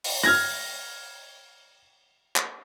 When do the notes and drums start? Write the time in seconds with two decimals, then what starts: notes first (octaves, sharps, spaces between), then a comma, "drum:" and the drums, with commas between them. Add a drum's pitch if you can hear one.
0.04 drum: open hi-hat
0.23 F6 G#6 A#6, drum: rim click
2.36 drum: clap